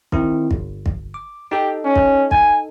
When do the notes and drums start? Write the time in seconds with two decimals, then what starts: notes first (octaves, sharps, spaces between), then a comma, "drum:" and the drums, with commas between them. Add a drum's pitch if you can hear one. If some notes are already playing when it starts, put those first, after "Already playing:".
0.12 D#3 C4 E4, drum: kick
0.51 G1, drum: kick
0.86 drum: kick
1.14 D6
1.52 D#4 G4 A4
1.84 C#4
1.96 drum: kick
2.31 G#5, drum: kick